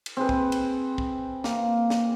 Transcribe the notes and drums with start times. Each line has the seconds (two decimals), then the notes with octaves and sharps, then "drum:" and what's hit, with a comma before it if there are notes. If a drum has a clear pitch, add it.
0.06 drum: cymbal
0.17 C4 G#4 B4
0.29 drum: kick
0.52 drum: cymbal
0.98 drum: kick
1.44 A#3, drum: snare
1.90 drum: snare